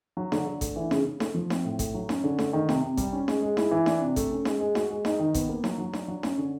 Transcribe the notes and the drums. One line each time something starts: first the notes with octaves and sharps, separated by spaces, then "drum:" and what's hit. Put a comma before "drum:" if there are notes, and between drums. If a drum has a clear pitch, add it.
F#3
D3, drum: snare D#4
D3
A3, drum: kick G#1, hi-hat
E3
C#3, drum: snare D#4
C#3
A3, drum: snare D#4
F3
C4, drum: snare D#4
A2
A3, drum: kick G#1, hi-hat
F#3
C#4, drum: snare D#4
D3
A3, drum: snare D#4
D#3
C3, drum: snare D#4
C3
G3, drum: kick G#1, hi-hat
C#4
G#3, drum: snare D#4
G#3
E4, drum: snare D#4
E3
D4, drum: snare D#4
C3
A3, drum: kick G#1, hi-hat
C#4
G#3, drum: snare D#4
G#3
F#4, drum: snare D#4
G#3
D#4, drum: snare D#4
D#3
B3, drum: kick G#1, hi-hat
A#3
F#3, drum: snare D#4
F#3
D4, drum: snare D#4
F#3
C#4, drum: snare D#4
D3